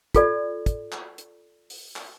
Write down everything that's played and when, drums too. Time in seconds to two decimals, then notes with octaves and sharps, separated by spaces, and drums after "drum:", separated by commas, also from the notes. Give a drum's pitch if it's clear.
0.15 F4 A4 D5, drum: kick, hi-hat
0.66 drum: kick, hi-hat
0.92 drum: clap
1.18 drum: hi-hat
1.70 drum: open hi-hat
1.96 drum: clap